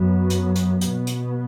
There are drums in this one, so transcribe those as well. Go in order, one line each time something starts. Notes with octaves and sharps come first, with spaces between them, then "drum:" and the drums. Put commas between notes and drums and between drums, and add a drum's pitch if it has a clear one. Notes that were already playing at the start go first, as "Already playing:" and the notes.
Already playing: F#2 F#3 B3
drum: hi-hat
drum: hi-hat
B2 B3, drum: hi-hat
drum: hi-hat